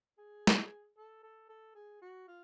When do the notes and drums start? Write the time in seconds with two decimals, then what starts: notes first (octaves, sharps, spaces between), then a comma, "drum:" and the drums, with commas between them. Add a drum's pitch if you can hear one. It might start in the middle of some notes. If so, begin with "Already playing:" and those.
0.18 G#4
0.47 drum: snare
0.97 A4
1.23 A4
1.49 A4
1.75 G#4
2.02 F#4
2.28 F4